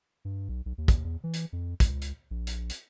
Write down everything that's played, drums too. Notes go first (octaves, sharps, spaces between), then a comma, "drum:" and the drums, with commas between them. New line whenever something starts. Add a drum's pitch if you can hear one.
G2
B1
B1
D#2
drum: kick, hi-hat
E2
E3
drum: hi-hat
F2
C#2, drum: kick, hi-hat
drum: hi-hat
A#1
drum: hi-hat
drum: hi-hat